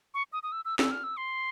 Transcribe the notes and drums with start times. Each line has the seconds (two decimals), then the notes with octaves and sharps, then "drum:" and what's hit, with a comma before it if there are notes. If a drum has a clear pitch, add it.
0.14 C#6
0.33 D#6
0.43 D#6
0.52 E6
0.65 E6
0.79 E6, drum: snare
0.91 F6
1.04 E6
1.17 C6